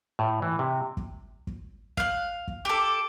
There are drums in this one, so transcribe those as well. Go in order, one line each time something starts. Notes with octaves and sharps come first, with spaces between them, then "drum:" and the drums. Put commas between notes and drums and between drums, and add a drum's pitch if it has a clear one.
A2
E3
C3
drum: kick
drum: kick
F5 F#6, drum: kick
drum: kick
G4 A4 D6